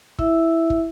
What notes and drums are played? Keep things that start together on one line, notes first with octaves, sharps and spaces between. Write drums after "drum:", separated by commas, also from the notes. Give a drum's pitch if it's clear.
E4 E5, drum: kick
drum: kick